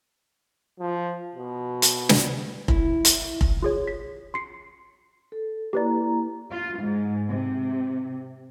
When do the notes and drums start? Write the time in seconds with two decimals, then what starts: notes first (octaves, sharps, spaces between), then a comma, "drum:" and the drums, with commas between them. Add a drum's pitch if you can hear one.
0.80 F3
1.35 B2
1.82 drum: hi-hat
2.09 drum: snare
2.68 E4, drum: kick F1
3.05 drum: hi-hat
3.41 drum: kick F1
3.63 F4 G#4 C#5
3.88 B6
4.34 C6 C7 C#7
5.32 A4
5.73 A#3 E4 G4 B4 D5 A#5
6.50 F4
6.80 G#2
7.29 C3